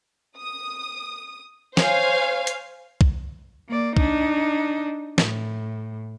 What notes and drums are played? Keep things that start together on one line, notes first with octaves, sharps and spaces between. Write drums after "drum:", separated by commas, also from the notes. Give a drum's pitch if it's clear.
D#6
C5 C#5 F5 G#5, drum: snare
drum: hi-hat
drum: kick
A#3 D5
D4 D#4, drum: kick
A2, drum: snare